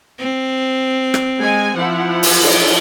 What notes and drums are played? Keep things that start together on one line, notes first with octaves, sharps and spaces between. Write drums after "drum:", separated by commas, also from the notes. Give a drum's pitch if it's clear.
C4
drum: rim click
G#3 G#5
F3 E4 F#5
drum: open hi-hat
drum: cymbal